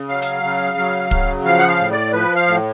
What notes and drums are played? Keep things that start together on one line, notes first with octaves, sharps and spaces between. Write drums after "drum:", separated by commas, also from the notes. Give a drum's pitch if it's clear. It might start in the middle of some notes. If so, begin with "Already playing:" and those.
Already playing: C#3
F#3 F5
drum: hi-hat
C#3
F#3
C#3, drum: kick
F3 F5
F#5
F5
A2
D5
F3 B4
F5
A2